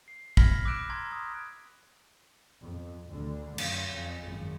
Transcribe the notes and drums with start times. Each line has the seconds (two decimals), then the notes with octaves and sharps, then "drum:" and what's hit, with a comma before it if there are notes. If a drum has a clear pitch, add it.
0.08 C7
0.37 B5 F6 G#6 A#6 B6, drum: kick
0.65 D6 E6 F#6 D7 E7
0.90 A#5 C6 G#6
1.12 D#6
2.62 F2
3.10 D2 D3
3.58 F#2, drum: cymbal
3.94 F2
4.27 G#1 F#2